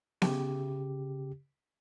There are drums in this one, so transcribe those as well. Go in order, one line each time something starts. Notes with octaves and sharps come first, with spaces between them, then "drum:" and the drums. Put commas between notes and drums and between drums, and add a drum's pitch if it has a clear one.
C#3 G4, drum: snare B3